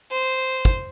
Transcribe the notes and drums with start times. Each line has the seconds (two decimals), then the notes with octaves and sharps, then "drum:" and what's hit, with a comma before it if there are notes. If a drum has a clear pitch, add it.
0.11 C5
0.65 drum: kick